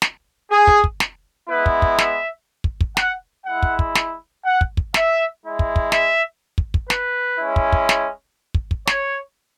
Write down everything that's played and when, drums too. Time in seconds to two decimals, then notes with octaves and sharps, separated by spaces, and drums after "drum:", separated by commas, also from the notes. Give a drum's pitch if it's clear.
0.02 drum: snare
0.51 G#4
0.67 drum: kick
0.84 drum: kick
1.00 drum: snare
1.49 G#3 B3 E4 B4
1.66 drum: kick
1.82 drum: kick
1.98 E5, drum: snare
2.64 drum: kick
2.81 drum: kick
2.97 F#5, drum: snare
3.46 G#3 E4 F#5
3.63 drum: kick
3.79 drum: kick
3.95 drum: snare
4.44 F#5
4.61 drum: kick
4.77 drum: kick
4.94 E5, drum: snare
5.43 G#3 E4
5.59 drum: kick
5.76 drum: kick
5.92 E5, drum: snare
6.58 drum: kick
6.74 drum: kick
6.90 B4, drum: snare
7.39 G#3 C#4 E4
7.56 drum: kick
7.72 drum: kick
7.89 drum: snare
8.54 drum: kick
8.71 drum: kick
8.87 C#5, drum: snare